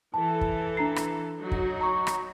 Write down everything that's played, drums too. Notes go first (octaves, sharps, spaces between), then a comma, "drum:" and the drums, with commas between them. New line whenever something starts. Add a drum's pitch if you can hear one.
E3 A4 A5
drum: kick
D4 A#5 C7
drum: rim click
F#3 D#4 F#4
drum: kick
A#5 C#6
drum: rim click